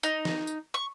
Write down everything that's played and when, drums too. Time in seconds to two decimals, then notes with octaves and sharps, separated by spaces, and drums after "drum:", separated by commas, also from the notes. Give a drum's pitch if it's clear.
0.03 D#4, drum: tambourine
0.25 drum: snare
0.47 drum: tambourine
0.74 C#6